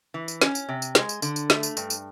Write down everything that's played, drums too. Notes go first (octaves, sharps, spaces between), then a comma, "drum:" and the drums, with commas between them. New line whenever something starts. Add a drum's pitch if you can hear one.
E3
drum: tambourine
C#4, drum: snare
drum: tambourine
C3
drum: tambourine
G#3, drum: snare
drum: tambourine
D3, drum: tambourine
drum: tambourine
A3, drum: snare
drum: tambourine
G2, drum: tambourine
drum: tambourine